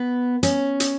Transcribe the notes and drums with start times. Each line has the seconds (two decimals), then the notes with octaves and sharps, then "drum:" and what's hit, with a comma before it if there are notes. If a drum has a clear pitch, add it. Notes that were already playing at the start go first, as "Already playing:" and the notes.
Already playing: B3
0.43 C#4, drum: hi-hat
0.80 drum: hi-hat